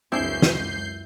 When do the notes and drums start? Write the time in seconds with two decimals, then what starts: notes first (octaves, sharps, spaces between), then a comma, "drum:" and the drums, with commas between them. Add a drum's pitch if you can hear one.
0.12 C#2 F#2 C4 D4 E4 G#4 G6 C7
0.42 drum: snare